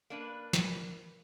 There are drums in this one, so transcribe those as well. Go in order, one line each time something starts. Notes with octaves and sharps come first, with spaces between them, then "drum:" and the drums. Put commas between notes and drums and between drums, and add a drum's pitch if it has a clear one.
A#3 D4 B4
drum: snare